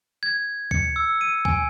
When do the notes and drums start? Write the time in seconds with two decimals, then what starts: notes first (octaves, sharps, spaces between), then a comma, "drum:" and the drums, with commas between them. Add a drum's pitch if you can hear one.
0.23 G#6
0.71 C#7, drum: kick C#2
0.96 E6
1.21 D#7
1.45 G#5, drum: kick C#2